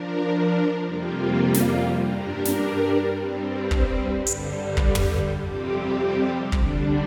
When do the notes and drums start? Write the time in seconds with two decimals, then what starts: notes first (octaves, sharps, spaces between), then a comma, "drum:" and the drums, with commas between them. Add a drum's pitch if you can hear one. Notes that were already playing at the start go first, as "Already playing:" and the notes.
Already playing: F3 D4 A#4
0.86 F2 C3 G3 A#3 F4
1.54 drum: snare
1.99 G2 G3 D4 A#4
2.45 drum: snare
3.13 G2 G3 C4
3.71 drum: kick
4.27 G2 D3 G3, drum: hi-hat
4.77 drum: kick
4.95 drum: tom
5.40 F2 C3 G3 C4 G4
6.52 D3 G3 D4, drum: kick